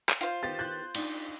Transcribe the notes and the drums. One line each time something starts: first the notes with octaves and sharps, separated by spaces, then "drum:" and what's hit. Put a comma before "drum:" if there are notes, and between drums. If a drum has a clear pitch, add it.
drum: clap
F4 C5
D#3 B3 G4 A6
F#6 G6 A6
D4 D#4, drum: cymbal